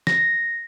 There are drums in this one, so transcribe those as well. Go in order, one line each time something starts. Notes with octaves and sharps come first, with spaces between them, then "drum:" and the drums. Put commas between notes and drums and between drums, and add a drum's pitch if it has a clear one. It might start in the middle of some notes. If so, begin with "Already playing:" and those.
A#6, drum: snare